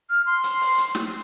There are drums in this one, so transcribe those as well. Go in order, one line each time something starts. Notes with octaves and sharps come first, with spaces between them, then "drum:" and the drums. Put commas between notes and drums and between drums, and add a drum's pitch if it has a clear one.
F6
C6
drum: hi-hat
drum: open hi-hat
drum: hi-hat
drum: snare